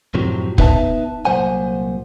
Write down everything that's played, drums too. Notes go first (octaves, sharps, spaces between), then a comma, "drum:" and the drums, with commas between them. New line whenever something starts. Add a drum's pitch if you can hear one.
F#2 A2 C3 F3 F#3
B3 D#4 B4 E5 F5 A5, drum: kick
C2 A#2 F#3 C5 F#5 G#5